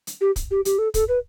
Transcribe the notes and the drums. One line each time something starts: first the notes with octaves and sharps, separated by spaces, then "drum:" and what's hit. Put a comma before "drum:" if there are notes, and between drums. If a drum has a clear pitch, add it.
drum: hi-hat
G4
drum: kick, hi-hat
G4
G4, drum: hi-hat
A4
A4, drum: kick, hi-hat
B4